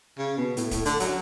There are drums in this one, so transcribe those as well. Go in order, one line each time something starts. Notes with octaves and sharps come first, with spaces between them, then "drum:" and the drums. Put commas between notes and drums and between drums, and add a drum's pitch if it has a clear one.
C#3
B2
A2, drum: hi-hat
A2, drum: kick, hi-hat
D3, drum: hi-hat
F#3, drum: hi-hat